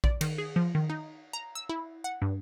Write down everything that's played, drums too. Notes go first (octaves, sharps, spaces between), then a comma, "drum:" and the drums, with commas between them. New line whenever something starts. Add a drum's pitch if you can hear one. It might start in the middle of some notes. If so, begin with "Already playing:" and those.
D5, drum: kick A#1
D#3, drum: cymbal
G#4
F3
D#3
D#4
A#5
E6
E4
F#5
G2